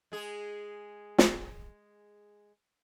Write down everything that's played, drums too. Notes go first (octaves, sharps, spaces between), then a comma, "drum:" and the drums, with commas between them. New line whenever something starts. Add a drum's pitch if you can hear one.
G#3 G#4
drum: snare